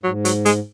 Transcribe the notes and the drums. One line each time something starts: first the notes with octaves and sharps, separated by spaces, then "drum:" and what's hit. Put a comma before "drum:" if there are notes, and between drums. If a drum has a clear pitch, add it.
G#2 F#3
F#3, drum: hi-hat
G#3, drum: hi-hat